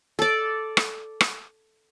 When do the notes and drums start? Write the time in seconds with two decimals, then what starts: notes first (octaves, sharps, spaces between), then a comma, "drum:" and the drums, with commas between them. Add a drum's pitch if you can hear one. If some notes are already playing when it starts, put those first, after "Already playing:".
0.19 A4 D5
0.77 drum: rim click
1.21 drum: rim click